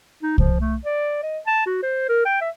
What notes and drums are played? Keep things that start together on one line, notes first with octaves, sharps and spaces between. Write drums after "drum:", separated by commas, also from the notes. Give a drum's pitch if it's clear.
D#4
F3, drum: kick C2
A3
D5
D#5
A5
F#4
C5
A#4
G5
E5